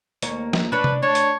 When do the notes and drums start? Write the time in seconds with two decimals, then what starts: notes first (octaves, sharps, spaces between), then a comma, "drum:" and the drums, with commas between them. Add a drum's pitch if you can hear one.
0.22 D#2 A#3 C#5, drum: hi-hat
0.53 drum: snare
0.72 D4 B4 C#5
0.84 drum: tom C3
1.03 D4 C#5
1.15 drum: hi-hat